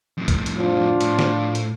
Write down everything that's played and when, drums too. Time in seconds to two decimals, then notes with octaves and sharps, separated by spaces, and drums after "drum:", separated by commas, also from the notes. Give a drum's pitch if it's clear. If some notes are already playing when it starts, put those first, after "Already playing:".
0.18 F2 A2
0.28 drum: kick, hi-hat
0.46 drum: hi-hat
0.57 F3 D4 F4
1.01 A2, drum: hi-hat
1.19 drum: snare
1.55 drum: hi-hat